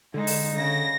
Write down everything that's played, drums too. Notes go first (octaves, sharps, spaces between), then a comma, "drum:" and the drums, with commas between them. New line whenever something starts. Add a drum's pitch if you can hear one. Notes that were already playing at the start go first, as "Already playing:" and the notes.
D3 G#3 D#4
drum: open hi-hat
C#3 A#6